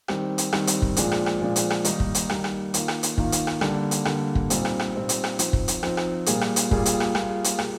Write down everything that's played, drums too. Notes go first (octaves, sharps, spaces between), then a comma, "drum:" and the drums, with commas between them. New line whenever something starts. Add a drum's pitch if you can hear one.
D#3 G3 C4 G4, drum: rim click
drum: hi-hat
D#3 G3 C4 G4, drum: rim click
drum: hi-hat
drum: kick
A#2 F3 G#3 D4, drum: hi-hat
drum: rim click
drum: rim click
A#2 F3 G#3 D4
drum: hi-hat
drum: rim click
D#3 G3 A#3 D#4, drum: hi-hat
drum: kick
drum: hi-hat
D#3 G3 A#3 D#4, drum: rim click
drum: rim click
D#3 A#3 F4, drum: hi-hat
drum: rim click
drum: hi-hat
D#3 A#3 F4, drum: kick
drum: hi-hat
drum: rim click
D3 G3 A#3, drum: rim click
drum: hi-hat
D3 G3 A#3, drum: rim click
drum: kick
A#2 G3 C4 D#4, drum: hi-hat
drum: rim click
drum: rim click
A#2 G3 C4 D#4
drum: hi-hat
drum: rim click
F3 C4 D#4, drum: hi-hat
drum: kick
drum: hi-hat
F3 C4 D#4, drum: rim click
drum: rim click
A#2 G3 A#3 F4 G#4, drum: hi-hat
drum: rim click
drum: hi-hat
A#2 G3 A#3 F4 G#4, drum: kick
drum: hi-hat
drum: rim click
G3 A#3 F4 G#4, drum: rim click
drum: hi-hat
G3 A#3 F4 G#4, drum: rim click